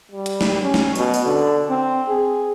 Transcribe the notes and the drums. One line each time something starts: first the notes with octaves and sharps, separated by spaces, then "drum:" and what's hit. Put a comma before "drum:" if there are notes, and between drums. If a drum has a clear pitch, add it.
G3
drum: hi-hat
drum: snare
C#4
drum: snare
B2, drum: tambourine
drum: tambourine
D3
C4
G#4